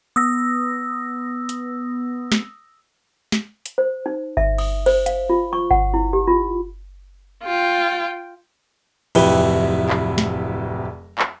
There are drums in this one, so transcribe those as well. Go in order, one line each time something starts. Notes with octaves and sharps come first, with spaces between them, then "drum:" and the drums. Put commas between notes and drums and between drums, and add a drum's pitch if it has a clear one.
B3 D#6 E6 A#6
drum: hi-hat
drum: snare
drum: snare
drum: hi-hat
C5
D#4
E5, drum: kick G1
D#6, drum: cymbal
C5, drum: cymbal
F5, drum: hi-hat
F4
C#6
F#5, drum: kick G1
E4
G4
F4
F4 G5
D1 F2 C3 E4 B4 G7, drum: cymbal
drum: clap
drum: snare
drum: clap